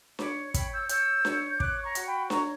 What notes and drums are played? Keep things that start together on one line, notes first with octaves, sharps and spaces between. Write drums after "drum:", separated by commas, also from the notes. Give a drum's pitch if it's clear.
C#5 B5 D6, drum: snare D4
C#5 G5 B5, drum: kick, hi-hat
E6 G6
C#5 E6 G6, drum: hi-hat
C#5, drum: snare D4
G6
C#5 D6 F#6, drum: kick
A#5 C#6
F#4, drum: hi-hat
G5 B5
C#5 A#5 C#6, drum: snare D4